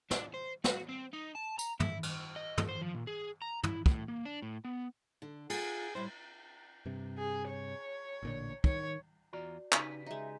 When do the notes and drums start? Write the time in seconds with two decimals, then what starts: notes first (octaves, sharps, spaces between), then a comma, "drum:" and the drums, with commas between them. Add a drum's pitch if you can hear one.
0.11 D4, drum: snare
0.34 C5
0.64 F#4, drum: snare
0.89 C4
1.13 D#4
1.36 A5
1.59 A#5, drum: tambourine
1.80 E4, drum: tom
2.03 drum: cymbal
2.36 D#5
2.58 drum: tom
2.69 C5
2.82 F3
2.94 A#2
3.07 G#4
3.42 A#5
3.63 E4, drum: tom
3.86 A2, drum: kick
4.08 A#3
4.25 D4
4.42 A2
4.65 B3
5.22 D3
5.50 F4 G#4 F#5, drum: cymbal
5.95 A2 G3 E4 C5
6.86 G2 C3
7.18 G#4
7.48 C#5
8.23 A1 A#2 D3
8.64 D#3 C#5, drum: kick
9.33 E2 F4 F#4 D5 A#5
9.72 C#3 D#4 G4 B4, drum: clap
10.06 G#3 D#4 E5